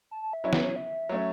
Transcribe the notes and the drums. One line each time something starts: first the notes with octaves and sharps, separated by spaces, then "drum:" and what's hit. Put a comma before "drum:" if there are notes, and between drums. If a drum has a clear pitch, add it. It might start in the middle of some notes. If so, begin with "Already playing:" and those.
A5
A5
E5
F#3 C#4 E4
B4, drum: snare
C#5
E5
F#3 A3 C#4